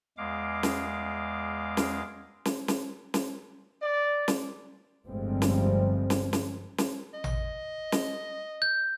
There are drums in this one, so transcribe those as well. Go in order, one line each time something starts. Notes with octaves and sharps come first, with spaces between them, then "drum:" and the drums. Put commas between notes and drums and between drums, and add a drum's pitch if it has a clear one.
E2 G#3 F5 D6
drum: snare
drum: snare
drum: snare
drum: snare
drum: snare
D5
drum: snare
G1 A2 F3 G3 G#3 C4
drum: snare
drum: snare
drum: snare
drum: snare
D#5
drum: tom A1
drum: snare
G6